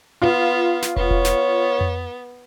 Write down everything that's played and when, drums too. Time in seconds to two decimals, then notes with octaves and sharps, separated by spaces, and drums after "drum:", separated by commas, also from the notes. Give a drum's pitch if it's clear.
0.22 B3 F4
0.82 drum: snare
0.96 B3 C#5, drum: kick
1.11 drum: kick
1.25 drum: snare
1.81 drum: tom F2